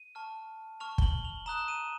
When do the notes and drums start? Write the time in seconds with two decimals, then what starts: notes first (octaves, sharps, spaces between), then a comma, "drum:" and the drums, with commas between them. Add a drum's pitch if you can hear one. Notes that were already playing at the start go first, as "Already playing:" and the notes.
Already playing: D#7
0.15 A5 C#6 F6
0.80 A5 C#6 F6 F7
0.98 G7, drum: kick
1.02 F#7
1.25 F7
1.46 A#5 D#6 F#6 E7
1.68 D#7